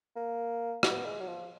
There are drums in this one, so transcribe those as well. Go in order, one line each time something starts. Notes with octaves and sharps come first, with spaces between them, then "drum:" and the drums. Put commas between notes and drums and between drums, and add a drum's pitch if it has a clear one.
A#3
B3, drum: rim click
G#3
F#3
F3